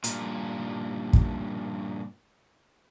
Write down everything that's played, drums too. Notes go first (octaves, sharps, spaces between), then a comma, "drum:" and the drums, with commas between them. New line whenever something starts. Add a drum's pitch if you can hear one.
G2 A#2, drum: hi-hat
drum: kick